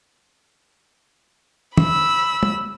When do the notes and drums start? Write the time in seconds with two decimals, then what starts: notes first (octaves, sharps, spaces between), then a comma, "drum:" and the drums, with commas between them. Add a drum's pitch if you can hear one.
1.77 B5 E6, drum: tom
2.43 drum: tom